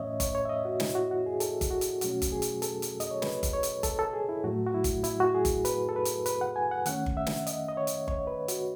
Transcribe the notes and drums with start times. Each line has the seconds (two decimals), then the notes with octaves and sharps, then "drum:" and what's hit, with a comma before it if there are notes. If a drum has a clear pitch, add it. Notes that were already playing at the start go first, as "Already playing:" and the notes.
Already playing: A2 E3 A3 C#4 C#5 D#5 E5
0.20 C#5, drum: kick G1, hi-hat
0.35 C#5
0.45 E5
0.49 D#5
0.65 F#4
0.80 E4, drum: snare
0.95 F#4
1.11 F#4
1.26 G#4
1.40 A4, drum: hi-hat
1.61 drum: kick G1, hi-hat
1.71 F#4
1.81 drum: hi-hat
2.01 B2 F#3 A3 C#4 F#4, drum: hi-hat
2.22 drum: kick G1, hi-hat
2.32 G#4
2.42 drum: hi-hat
2.62 A4, drum: hi-hat
2.82 drum: hi-hat
3.00 D#5, drum: hi-hat
3.11 C#5
3.22 B4, drum: snare
3.43 drum: kick G1, hi-hat
3.53 C#5
3.63 drum: hi-hat
3.83 A4, drum: kick G1, hi-hat
3.99 A4
4.13 G#4
4.29 E4
4.44 A2 F#3 A3 F#4
4.66 F#4
4.74 E4
4.84 drum: kick G1, hi-hat
5.04 E4, drum: hi-hat
5.20 F#4
5.34 G#4
5.45 drum: kick G1, hi-hat
5.65 B4, drum: hi-hat
5.89 A4
5.96 B4
6.05 drum: hi-hat
6.26 B4, drum: hi-hat
6.41 F#5
6.56 G#5
6.71 F#5
6.86 D#3 A3 C#4 F#5, drum: hi-hat
7.06 drum: kick G1
7.17 E5
7.27 drum: snare
7.47 D#5, drum: hi-hat
7.69 D#5
7.77 C#5
7.87 drum: hi-hat
8.08 C#5, drum: kick G1
8.27 B4
8.48 F#4, drum: hi-hat